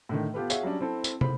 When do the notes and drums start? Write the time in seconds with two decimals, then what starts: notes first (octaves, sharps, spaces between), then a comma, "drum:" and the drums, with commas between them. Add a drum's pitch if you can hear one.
0.09 A2 D3 D#3
0.34 B3 F4 G4 A4 B4
0.50 F#4 G#4 C#5 E5 F5, drum: tambourine
0.63 F#3 G3 C#4 D4
0.80 C4 E4 A4
1.04 drum: tambourine
1.21 C5 B5, drum: tom